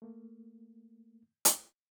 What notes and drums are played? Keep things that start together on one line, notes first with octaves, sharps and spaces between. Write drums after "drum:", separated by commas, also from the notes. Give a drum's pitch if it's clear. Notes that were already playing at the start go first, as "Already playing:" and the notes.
A3 A#3
drum: hi-hat